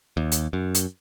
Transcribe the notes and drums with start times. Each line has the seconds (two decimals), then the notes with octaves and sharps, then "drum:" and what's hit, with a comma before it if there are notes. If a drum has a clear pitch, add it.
0.17 D#2
0.32 drum: hi-hat
0.53 F#2
0.75 drum: hi-hat